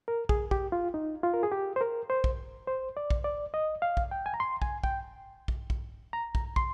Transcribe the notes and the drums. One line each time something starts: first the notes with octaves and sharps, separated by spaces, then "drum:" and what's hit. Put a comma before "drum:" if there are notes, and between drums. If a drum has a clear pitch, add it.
A#4
G#4, drum: kick
G4, drum: kick
F4
D#4
F4
A#4
G#4
G4
C5
A#4
C5
drum: kick
C5
D5
drum: kick
D5
D#5
F5
drum: kick
G5
G#5
A#5
C6
G#5, drum: kick
G5, drum: kick
drum: kick
drum: kick
A#5
drum: kick
C6, drum: kick